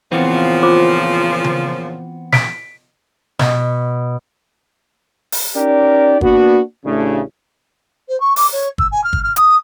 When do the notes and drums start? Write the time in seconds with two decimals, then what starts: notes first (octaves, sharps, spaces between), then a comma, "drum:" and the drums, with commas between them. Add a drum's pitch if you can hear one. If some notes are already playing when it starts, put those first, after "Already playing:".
0.12 A#2 C#3 E3 F3 B3 C4
0.63 F4 C5 D6
1.44 drum: tom C#3
2.33 B6 D7, drum: snare
3.39 B2, drum: snare
5.32 drum: open hi-hat
5.56 C#4 D#4 G4 A#4 D5
6.21 A#3 B3 D4 F#4, drum: kick G1
6.85 A1 C#3 A3 D4
8.08 C5
8.20 C#6
8.36 D6, drum: open hi-hat
8.52 C#5
8.78 E6, drum: kick G1
8.91 G#5
9.03 F6
9.13 drum: kick G1
9.23 F6
9.36 D#6, drum: hi-hat